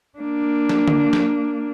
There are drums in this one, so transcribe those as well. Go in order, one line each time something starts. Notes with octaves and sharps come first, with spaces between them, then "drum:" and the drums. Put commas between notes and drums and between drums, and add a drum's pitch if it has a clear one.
A#3 D4
drum: snare
drum: tom D3
drum: snare